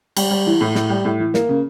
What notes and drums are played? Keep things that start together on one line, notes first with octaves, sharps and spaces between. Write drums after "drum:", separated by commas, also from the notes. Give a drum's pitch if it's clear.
G3, drum: cymbal
G3
E3
A2
A2, drum: snare
G3
A2
E3
A#3, drum: snare
C#3